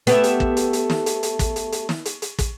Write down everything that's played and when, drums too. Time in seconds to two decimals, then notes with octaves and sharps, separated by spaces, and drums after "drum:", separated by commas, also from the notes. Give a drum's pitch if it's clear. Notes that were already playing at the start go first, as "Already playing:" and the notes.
0.07 A3 B3 G4 E5, drum: hi-hat
0.24 drum: hi-hat
0.40 drum: kick
0.57 drum: hi-hat
0.73 drum: hi-hat
0.90 drum: snare
1.06 drum: hi-hat
1.23 drum: hi-hat
1.39 drum: kick, hi-hat
1.56 drum: hi-hat
1.72 drum: hi-hat
1.89 drum: snare
2.05 drum: hi-hat
2.22 drum: hi-hat
2.39 drum: kick, hi-hat